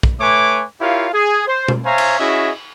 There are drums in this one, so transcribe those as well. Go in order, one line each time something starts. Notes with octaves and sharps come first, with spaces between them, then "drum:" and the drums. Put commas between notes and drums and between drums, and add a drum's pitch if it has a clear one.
drum: kick
A3 B4 C#5 G#5 D6
E4 F4 G4 A#4 C#5 F5
G#4
C5
drum: tom B2
C5 C#5 E5 F5 G#5 A#5
drum: cymbal
C#4 E4 F#4 G#4 D#5 E5